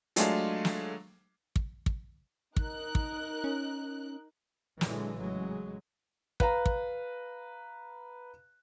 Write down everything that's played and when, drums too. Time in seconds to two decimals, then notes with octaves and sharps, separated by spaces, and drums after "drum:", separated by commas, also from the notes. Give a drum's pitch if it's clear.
0.16 F#3 G#3 A3 D4 F4 G#4, drum: hi-hat
0.65 drum: snare
1.56 drum: kick
1.86 drum: kick
2.56 D#4 A#4 F#6, drum: kick
2.95 drum: kick
3.44 C#4
4.81 A#2 D3 E3 F#3 G#3, drum: snare
5.15 A1 C#3 F#3 G#3
6.40 B4 F5 A#5, drum: kick
6.66 drum: kick